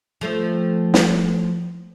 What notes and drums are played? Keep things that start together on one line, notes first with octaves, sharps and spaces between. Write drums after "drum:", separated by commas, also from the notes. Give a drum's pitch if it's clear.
F3 A3 C4
drum: snare